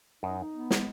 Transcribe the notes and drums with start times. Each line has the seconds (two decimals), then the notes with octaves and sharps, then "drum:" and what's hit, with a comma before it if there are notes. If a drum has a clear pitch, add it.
0.23 F#2 D#4
0.39 D#4
0.54 B3
0.71 G#3, drum: snare